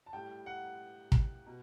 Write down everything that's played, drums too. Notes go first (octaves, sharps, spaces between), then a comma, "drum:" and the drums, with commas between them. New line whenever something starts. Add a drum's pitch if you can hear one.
A5
A2 G3 G5
F#5
drum: kick
B2